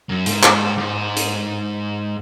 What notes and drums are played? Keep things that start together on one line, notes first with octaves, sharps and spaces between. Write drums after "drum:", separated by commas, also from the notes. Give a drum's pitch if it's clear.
F#2
G#2, drum: hi-hat
drum: clap
G#2
drum: hi-hat